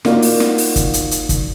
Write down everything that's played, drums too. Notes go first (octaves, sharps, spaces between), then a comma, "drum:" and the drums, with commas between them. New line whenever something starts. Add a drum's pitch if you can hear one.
A#3 D#4 F4 F#4 D5, drum: snare
drum: open hi-hat
drum: snare
drum: open hi-hat
drum: kick, hi-hat
drum: hi-hat
drum: hi-hat
drum: kick, hi-hat